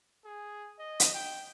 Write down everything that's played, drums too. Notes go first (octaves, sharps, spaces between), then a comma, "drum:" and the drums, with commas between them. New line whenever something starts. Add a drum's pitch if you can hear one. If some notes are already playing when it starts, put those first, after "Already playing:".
G#4
D#5
drum: hi-hat
G5